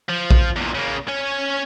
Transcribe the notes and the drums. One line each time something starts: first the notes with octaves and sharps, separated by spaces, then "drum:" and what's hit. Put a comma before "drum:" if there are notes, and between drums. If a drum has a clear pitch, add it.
F3
drum: kick A#1
E2 A#2
C#3 A#3
C#4 C#5